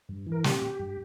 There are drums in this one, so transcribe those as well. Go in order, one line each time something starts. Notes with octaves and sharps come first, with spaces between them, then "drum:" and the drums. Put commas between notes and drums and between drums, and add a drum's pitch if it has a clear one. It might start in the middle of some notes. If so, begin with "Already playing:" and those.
G2
E3
A#4
A#2 G4, drum: snare
G2